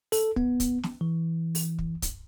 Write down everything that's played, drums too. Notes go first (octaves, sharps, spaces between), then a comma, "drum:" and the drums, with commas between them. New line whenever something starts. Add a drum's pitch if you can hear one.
A4, drum: open hi-hat
B3, drum: kick
drum: kick, hi-hat
drum: snare
E3
drum: open hi-hat
drum: kick
drum: kick, hi-hat